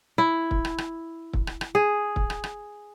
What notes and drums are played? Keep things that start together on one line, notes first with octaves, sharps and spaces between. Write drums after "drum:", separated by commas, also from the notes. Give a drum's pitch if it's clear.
E4
drum: kick
drum: rim click
drum: rim click
drum: kick
drum: rim click
drum: rim click
G#4
drum: kick
drum: rim click
drum: rim click